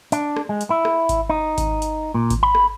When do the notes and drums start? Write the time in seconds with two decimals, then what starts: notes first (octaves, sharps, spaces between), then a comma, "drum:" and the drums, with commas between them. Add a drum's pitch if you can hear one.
0.12 D4, drum: hi-hat
0.36 drum: rim click
0.49 G#3
0.61 drum: hi-hat
0.70 E4
0.85 drum: rim click
1.09 drum: kick G#1, hi-hat
1.30 D#4
1.58 drum: kick G#1, hi-hat
1.82 drum: hi-hat
2.14 A#2
2.30 drum: kick G#1, hi-hat
2.43 B5
2.55 drum: rim click